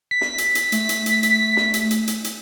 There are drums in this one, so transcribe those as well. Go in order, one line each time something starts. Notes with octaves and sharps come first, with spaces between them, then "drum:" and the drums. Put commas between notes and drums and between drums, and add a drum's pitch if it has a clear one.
B6
drum: snare
drum: hi-hat
drum: hi-hat
A3, drum: hi-hat
drum: hi-hat
drum: hi-hat
drum: hi-hat
drum: snare
drum: hi-hat
drum: hi-hat
drum: hi-hat
drum: hi-hat